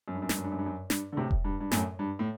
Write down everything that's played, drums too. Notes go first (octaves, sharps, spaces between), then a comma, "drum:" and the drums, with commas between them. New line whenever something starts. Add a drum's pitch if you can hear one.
F#2
G2
F#2
G2, drum: snare
F#2
G2
F#2
G2
F#2
G2, drum: snare
D3
A2 C3
drum: kick E1
G2
G2
F#2 A2, drum: snare
G2
A2